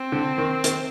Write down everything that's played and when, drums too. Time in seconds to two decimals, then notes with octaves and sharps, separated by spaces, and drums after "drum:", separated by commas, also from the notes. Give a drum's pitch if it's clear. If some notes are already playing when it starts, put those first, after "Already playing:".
Already playing: C4
0.12 D3
0.38 D#3
0.64 D#3, drum: hi-hat